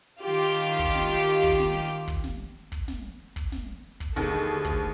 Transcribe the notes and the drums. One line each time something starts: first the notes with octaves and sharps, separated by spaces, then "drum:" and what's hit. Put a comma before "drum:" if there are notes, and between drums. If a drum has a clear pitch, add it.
D#3 F4 G4
drum: kick
drum: snare
drum: kick
drum: snare
drum: kick
drum: snare
drum: kick
drum: snare
drum: kick
drum: snare
drum: kick
D#2 D3 D#3 G#4 A4, drum: snare
D2
drum: kick